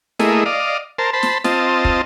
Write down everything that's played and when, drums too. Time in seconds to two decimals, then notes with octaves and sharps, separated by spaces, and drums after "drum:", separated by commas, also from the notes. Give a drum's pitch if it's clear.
0.19 A3 A#3 E4 G#4 D#5, drum: snare
0.46 D5 D#5 F5
0.98 A#4 C5 A5
1.13 C5 A5 B5
1.23 drum: snare
1.44 C4 F4 D#5 A5, drum: snare
1.85 drum: kick